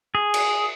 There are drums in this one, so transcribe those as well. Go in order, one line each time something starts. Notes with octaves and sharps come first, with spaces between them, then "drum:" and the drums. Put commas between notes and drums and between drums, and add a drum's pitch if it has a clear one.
G#4
drum: cymbal